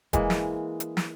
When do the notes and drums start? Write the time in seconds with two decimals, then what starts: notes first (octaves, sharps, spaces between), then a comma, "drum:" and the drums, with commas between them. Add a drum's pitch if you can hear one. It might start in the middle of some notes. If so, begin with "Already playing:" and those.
0.13 E3 G#3 A#3, drum: kick E1, hi-hat
0.30 drum: snare
0.80 drum: hi-hat
0.97 drum: snare